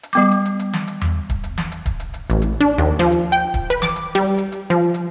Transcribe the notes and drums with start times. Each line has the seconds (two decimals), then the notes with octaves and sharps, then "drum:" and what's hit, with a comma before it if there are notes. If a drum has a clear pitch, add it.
0.03 drum: hi-hat
0.13 G3 B3 D6
0.31 drum: hi-hat
0.45 drum: hi-hat
0.59 drum: hi-hat
0.73 drum: snare
0.87 drum: hi-hat
1.01 drum: tom E2
1.30 drum: kick D1, hi-hat
1.44 drum: hi-hat
1.58 drum: snare
1.72 drum: hi-hat
1.86 drum: kick D1, hi-hat
2.00 drum: hi-hat
2.14 drum: hi-hat
2.30 A1, drum: hi-hat
2.42 drum: hi-hat
2.60 D4
2.78 D#2
2.99 F3, drum: snare
3.12 drum: hi-hat
3.32 G5
3.54 drum: kick D1, hi-hat
3.70 B4, drum: hi-hat
3.82 D6, drum: snare
3.96 drum: hi-hat
4.15 G3
4.38 drum: hi-hat
4.52 drum: hi-hat
4.70 F3
4.94 drum: hi-hat